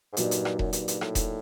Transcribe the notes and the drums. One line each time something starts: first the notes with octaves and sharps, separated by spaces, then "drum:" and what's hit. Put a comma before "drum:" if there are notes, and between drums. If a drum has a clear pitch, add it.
G#2
G2 A#2 F#3 A#3 D#4, drum: hi-hat
drum: hi-hat
drum: rim click
F#2, drum: kick E1
G2, drum: hi-hat
G2, drum: hi-hat
A2, drum: rim click
drum: kick E1, hi-hat